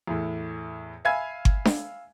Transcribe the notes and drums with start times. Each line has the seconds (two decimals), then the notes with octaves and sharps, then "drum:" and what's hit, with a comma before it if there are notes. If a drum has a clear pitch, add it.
0.07 E2 A2
1.05 E5 F5 G#5 B5 G#6
1.45 drum: kick G1
1.65 drum: snare D4